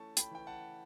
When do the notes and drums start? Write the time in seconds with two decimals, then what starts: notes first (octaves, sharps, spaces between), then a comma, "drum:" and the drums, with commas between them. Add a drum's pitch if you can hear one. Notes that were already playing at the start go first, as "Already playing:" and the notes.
Already playing: E3 A3 C#4 A5 C#6
0.17 G5 B5, drum: hi-hat
0.31 E3 G5
0.47 F#5 A5